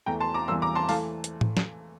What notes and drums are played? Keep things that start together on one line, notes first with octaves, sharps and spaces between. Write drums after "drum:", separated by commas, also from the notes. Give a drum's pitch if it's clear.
E2 E3 A3 G5 A#5
A5 C6
A#5 D6
E2 E3 G3 A#3 C6 E6
A#5 D6
A5 C6
E3 A3 F5 A5, drum: open hi-hat
drum: hi-hat
drum: tom A2
drum: snare